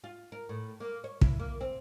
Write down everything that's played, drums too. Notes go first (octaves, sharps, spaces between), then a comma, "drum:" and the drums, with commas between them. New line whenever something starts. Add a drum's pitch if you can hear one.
F4
A#4
A2
A#3
C#5
E4, drum: kick
A#3
C4